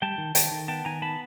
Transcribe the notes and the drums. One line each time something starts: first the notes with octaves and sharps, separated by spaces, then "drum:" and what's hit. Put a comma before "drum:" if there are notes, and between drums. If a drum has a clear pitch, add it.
G3 G5 A5
D#3
D#3 G5 A5, drum: hi-hat
D#3
B3 G5 A5
D#3 G#5 A#5
B3 A5 B5